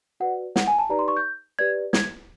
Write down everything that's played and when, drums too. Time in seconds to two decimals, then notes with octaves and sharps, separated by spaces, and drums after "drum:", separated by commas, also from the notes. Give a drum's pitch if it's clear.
0.20 F#4 B4 D5 F#5
0.56 F#5, drum: snare
0.67 G#5
0.78 A5
0.89 D#4 G4 B4 D5 A#5
0.99 C6
1.08 C#6
1.17 G6
1.59 G4 B4 D5 G#6
1.93 G#6, drum: snare